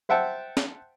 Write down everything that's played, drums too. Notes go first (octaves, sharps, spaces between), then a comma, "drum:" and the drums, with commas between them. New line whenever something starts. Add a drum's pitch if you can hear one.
C5 E5 F#5 G5 A5
drum: snare